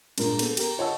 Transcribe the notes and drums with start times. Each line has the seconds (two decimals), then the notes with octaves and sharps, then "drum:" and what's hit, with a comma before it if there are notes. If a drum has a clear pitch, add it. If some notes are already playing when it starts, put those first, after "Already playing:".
0.18 G2 A#2 G#3 A#4, drum: cymbal
0.39 B3 A4, drum: cymbal
0.57 G4 A#4, drum: cymbal
0.78 F4 C#5 D#5 F#5 A5 E6